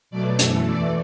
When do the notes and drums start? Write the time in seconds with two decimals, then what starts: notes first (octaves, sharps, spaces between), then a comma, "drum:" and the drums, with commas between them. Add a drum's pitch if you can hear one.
0.11 B2 F#3 A3 D5
0.39 F#2 E3 A3 A4, drum: hi-hat
0.67 E2 E3 A3 D5